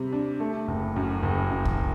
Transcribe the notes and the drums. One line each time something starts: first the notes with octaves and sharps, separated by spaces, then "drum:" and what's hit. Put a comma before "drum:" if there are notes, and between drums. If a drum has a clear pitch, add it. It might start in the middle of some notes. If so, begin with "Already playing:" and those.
Already playing: C3 G3
D4
A3
F#1
F#2
F#1
F#2
drum: kick C2